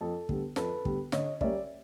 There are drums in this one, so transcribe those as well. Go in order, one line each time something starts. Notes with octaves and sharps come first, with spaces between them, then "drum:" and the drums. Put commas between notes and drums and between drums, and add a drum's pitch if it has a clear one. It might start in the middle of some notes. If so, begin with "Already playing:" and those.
F2 A4
D3 G3 B3, drum: kick
F2 A4 B4, drum: snare
D3 G3 B3, drum: kick
D3 C#5 D#5, drum: snare
G3 A#3 C#4 D5 E5, drum: kick